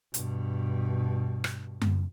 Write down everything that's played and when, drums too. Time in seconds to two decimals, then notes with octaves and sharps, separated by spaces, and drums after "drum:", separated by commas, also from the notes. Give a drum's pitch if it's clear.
0.14 G2 B2, drum: hi-hat
1.44 drum: rim click
1.81 drum: tom F#2